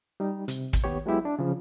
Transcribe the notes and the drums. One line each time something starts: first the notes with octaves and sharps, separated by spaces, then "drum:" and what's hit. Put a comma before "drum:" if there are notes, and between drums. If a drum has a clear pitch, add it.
G3 D#4
C3, drum: hi-hat
drum: kick, hi-hat
D#2 B3 G4 C#5
F#3 G#3 B3 E4 G4
D4
C#3 F3